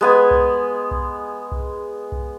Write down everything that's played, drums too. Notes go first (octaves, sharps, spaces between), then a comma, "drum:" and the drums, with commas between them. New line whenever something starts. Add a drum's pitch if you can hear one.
G#3 B3 G#5
drum: kick B1
drum: kick B1
drum: kick B1
drum: kick B1